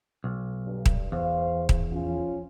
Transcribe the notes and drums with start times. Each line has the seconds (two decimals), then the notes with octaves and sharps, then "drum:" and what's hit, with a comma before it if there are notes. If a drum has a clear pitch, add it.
0.24 B1
0.65 G2
0.86 drum: kick D#1
1.12 E2 C5 F5
1.69 drum: kick D#1
1.92 F3 C#4 F4